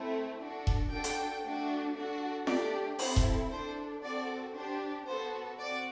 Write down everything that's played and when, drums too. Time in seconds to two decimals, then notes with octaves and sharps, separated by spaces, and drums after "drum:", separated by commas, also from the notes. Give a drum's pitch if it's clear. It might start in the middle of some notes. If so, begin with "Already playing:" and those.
Already playing: A3 C4 E4
0.39 D4 F#4 A4
0.67 drum: kick E1
0.91 D4 F#4 A4 G5
1.04 drum: hi-hat
1.43 A3 D4 F#4
1.95 D4 F#4 A4
2.47 A3 D4 G4 D5, drum: snare
2.99 C4 E4 A4 C5, drum: open hi-hat
3.16 drum: kick E1
3.51 D4 A4 C5
4.03 C4 F#4 A4 D5
4.55 D4 G4 C5
5.07 B3 F#4 A4 C5
5.59 C4 F#4 D5